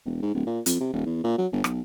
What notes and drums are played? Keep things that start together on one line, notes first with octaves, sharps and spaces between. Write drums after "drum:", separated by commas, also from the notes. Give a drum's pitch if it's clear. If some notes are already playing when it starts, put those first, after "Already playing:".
E1
G#2
D1
A#2
F2, drum: hi-hat
C3
D#1
E2
A#2
F#3
G1
B1, drum: rim click